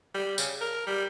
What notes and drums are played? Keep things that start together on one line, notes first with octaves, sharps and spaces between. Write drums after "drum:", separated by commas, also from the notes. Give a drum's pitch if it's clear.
G3
C#3, drum: tambourine
A#4
G3